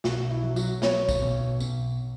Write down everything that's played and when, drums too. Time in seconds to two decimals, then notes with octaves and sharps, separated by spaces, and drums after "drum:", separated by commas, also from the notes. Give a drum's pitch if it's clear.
0.04 B1 F#4, drum: snare
0.31 E4
0.43 F#3
0.56 F#4, drum: tambourine
0.82 B2 C#5, drum: snare
1.09 drum: kick, tambourine
1.22 B1
1.60 B1, drum: tambourine